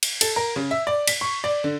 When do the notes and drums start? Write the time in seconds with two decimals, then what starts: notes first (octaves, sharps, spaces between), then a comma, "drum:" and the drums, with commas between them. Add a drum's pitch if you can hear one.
0.03 drum: cymbal
0.21 A4, drum: cymbal
0.36 A#4
0.56 C#3
0.71 E5
0.87 D5
1.07 B6, drum: cymbal
1.21 C#6
1.44 D5
1.64 D3